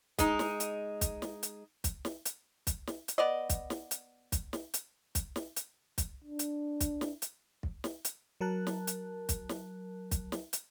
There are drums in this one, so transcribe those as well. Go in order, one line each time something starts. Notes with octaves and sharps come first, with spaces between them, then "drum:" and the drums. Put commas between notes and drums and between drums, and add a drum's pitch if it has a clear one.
G#3 D#4, drum: kick, hi-hat
drum: snare
drum: hi-hat
drum: kick, hi-hat
drum: snare
drum: hi-hat
drum: kick, hi-hat
drum: snare
drum: hi-hat
drum: kick, hi-hat
drum: snare
drum: hi-hat
B3 D5 D#5
drum: kick, hi-hat
drum: snare
drum: hi-hat
drum: kick, hi-hat
drum: snare
drum: hi-hat
drum: kick, hi-hat
drum: snare
drum: hi-hat
drum: kick, hi-hat
D4
drum: hi-hat
drum: kick, hi-hat
drum: snare
drum: hi-hat
drum: kick
drum: snare
drum: hi-hat
F#3 A#4 A5 F#6
drum: snare
drum: hi-hat
drum: kick, hi-hat
drum: snare
drum: kick, hi-hat
drum: snare
drum: hi-hat